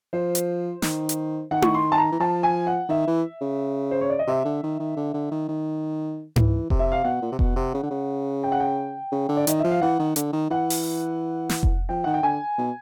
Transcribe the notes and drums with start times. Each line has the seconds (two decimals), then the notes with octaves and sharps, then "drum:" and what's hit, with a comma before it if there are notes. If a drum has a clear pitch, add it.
0.13 F3 C5
0.35 drum: hi-hat
0.82 D#3, drum: snare
1.09 drum: hi-hat
1.51 D#3 F#5
1.62 C#6, drum: tom E4
1.74 C6
1.92 A5
1.98 A#5
2.12 E3
2.20 F3 A5
2.43 G#5
2.67 F#5
2.89 D#3 E5
3.07 E3
3.41 C#3
3.91 C5
4.01 C#5
4.10 D5
4.19 D#5
4.27 C3 E5
4.45 D3
4.63 D#3
4.80 D#3
4.97 D3
5.14 D3
5.31 D#3
5.48 D#3
6.36 E3, drum: tom G#2
6.70 C3, drum: kick F1
6.79 E5
6.92 F5
7.04 B2 F#5
7.22 A#2
7.32 C3
7.39 B2, drum: kick F1
7.56 C3
7.74 C#3
7.83 D3
7.91 C#3
8.44 G5
8.52 F#5
8.60 G5
9.12 C#3
9.29 D3
9.37 D5
9.47 D#3 D#5, drum: hi-hat
9.59 E5
9.64 F3
9.71 F5
9.82 E3 F#5
9.99 D#3
10.16 D3, drum: hi-hat
10.33 D#3
10.51 E3 F#5
10.70 drum: open hi-hat
11.49 drum: snare
11.63 drum: kick F1
11.89 F3 G5
12.04 D#3 F#5
12.14 G5
12.23 D3 G#5
12.58 B2